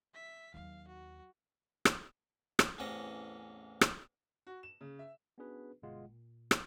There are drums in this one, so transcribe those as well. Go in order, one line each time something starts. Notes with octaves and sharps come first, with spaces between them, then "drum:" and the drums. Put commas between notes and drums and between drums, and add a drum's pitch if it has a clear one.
E5 B6
D#2 F#3 F5
F#4
drum: rim click
drum: rim click
A1 E2 C3 C#4 A#5
drum: rim click
F#4
E7
C#3
E5
B3 C#4 D4 F#4 G#4 B4
G1 B2 G#3 F4 F#5
A#2
drum: rim click